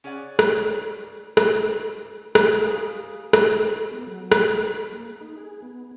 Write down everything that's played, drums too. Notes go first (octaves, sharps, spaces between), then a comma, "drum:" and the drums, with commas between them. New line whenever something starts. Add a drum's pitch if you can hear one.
C#4 G#4 C#5 D5 F#5
drum: rim click
drum: rim click
drum: rim click
G4 F5 G#5 D#6
drum: rim click
B3
F#3
drum: rim click
B5
A#3
D#4
G#4
B3